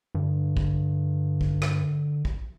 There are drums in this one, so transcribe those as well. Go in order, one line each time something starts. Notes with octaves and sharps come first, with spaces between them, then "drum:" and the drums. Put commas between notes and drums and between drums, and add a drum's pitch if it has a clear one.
G2 D3
drum: kick
drum: kick
drum: rim click
drum: kick